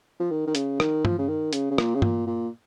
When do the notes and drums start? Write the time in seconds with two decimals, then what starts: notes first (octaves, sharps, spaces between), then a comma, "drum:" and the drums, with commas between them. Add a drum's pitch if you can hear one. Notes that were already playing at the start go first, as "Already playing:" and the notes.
0.20 F3
0.31 D#3
0.47 D#3
0.55 C#3, drum: hi-hat
0.80 D#3, drum: rim click
1.05 F3, drum: tom G2
1.18 C#3
1.28 D#3
1.53 C#3, drum: hi-hat
1.71 C#3
1.78 A#2, drum: rim click
1.95 C#3
2.02 A#2, drum: tom G2
2.27 A#2